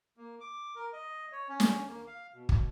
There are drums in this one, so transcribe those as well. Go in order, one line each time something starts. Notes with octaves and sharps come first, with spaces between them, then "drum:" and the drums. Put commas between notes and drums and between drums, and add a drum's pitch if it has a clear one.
A#3
D6
A#4
D#5
C#5
C#4
drum: snare
A#3
F5
B2
drum: kick